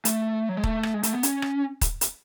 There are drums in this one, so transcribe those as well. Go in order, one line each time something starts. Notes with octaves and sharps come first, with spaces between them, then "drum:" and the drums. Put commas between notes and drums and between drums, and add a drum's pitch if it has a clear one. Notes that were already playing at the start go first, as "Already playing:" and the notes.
A3, drum: hi-hat
F#3
G#3
A3, drum: kick D#1
drum: rim click
G#3
A3, drum: hi-hat
B3
C#4, drum: hi-hat
drum: rim click
drum: kick D#1, hi-hat
drum: hi-hat